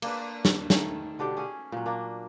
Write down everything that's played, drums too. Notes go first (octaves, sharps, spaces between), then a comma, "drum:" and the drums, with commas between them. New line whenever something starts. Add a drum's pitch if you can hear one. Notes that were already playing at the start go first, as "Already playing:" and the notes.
A#3 D4 B4, drum: cymbal
drum: snare
D#3 A3, drum: snare
B2 D3 D4 G4
C#4 G#4
A#2 F#3
A#3 D4